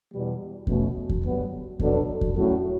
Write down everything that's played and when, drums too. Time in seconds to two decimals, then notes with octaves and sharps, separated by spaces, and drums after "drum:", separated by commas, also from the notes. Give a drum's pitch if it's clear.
0.12 E2 B2 G3
0.67 B2 A3 C#4, drum: kick E2
1.09 drum: kick E2
1.23 G2 D3 F#3 B3
1.80 B2 F#3 B3 D4 A4, drum: kick E2
2.21 drum: kick E2
2.35 A2 F#3 C#4 F#4 A4